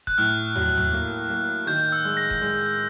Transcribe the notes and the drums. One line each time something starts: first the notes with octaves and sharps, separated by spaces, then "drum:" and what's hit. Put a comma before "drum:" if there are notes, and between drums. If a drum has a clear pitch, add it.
F#6, drum: kick F1
A2 F6
F#3, drum: tom
drum: tom
A#3
A#3
D#3 G6
E6
G#3
A#6
drum: kick F1
G#3